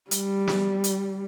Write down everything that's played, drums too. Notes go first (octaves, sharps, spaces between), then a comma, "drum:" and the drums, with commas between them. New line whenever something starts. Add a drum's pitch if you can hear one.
G3, drum: hi-hat
drum: snare
drum: hi-hat